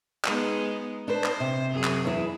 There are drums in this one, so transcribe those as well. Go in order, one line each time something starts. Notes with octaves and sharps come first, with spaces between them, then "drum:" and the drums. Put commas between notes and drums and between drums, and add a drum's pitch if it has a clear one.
G#3 B3 D#4, drum: clap
D4 B4 C5
drum: clap
C3
F#2 G#4
drum: clap
E2 E4